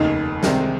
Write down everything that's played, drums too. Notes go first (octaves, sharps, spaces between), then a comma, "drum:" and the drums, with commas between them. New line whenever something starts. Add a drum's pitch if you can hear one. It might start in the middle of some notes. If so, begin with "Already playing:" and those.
Already playing: F1 D#2 C#3 D#4
C2 C3 D#3 G#3 C4, drum: snare